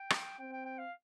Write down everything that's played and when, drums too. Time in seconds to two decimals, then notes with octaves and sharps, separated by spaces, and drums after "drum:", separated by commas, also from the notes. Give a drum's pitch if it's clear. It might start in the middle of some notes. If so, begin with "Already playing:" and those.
Already playing: G5
0.10 drum: rim click
0.39 C4 G5
0.53 G5
0.65 G5
0.78 F5